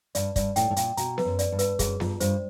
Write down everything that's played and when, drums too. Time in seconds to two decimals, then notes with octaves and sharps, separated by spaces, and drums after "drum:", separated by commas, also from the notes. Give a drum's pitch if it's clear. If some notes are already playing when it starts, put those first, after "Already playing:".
0.15 G2 D5, drum: hi-hat
0.36 G2 D5, drum: kick, hi-hat
0.56 A2 G5, drum: hi-hat
0.70 A2
0.76 A#2 G5, drum: hi-hat
0.97 B2 A#5, drum: hi-hat
1.18 B4, drum: snare B3
1.25 F#2
1.39 D5, drum: hi-hat
1.52 G2
1.59 B4, drum: hi-hat
1.79 F#2 G#4, drum: kick, hi-hat
2.00 G2 F4, drum: snare B3
2.20 G2 C5, drum: hi-hat